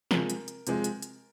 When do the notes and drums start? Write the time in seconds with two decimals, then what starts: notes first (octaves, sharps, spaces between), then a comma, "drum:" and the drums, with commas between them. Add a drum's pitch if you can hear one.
0.11 C3 F3 G#3 A#4, drum: snare
0.30 drum: hi-hat
0.48 drum: hi-hat
0.67 C3 F3 G#3, drum: hi-hat
0.84 drum: hi-hat
1.02 drum: hi-hat